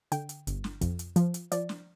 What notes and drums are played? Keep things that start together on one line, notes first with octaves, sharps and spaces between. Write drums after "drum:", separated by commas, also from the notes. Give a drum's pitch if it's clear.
D3 G5, drum: hi-hat
drum: hi-hat
G1, drum: hi-hat
drum: snare
F2, drum: kick, hi-hat
drum: hi-hat
F3, drum: hi-hat
drum: hi-hat
F3 D5, drum: hi-hat
drum: snare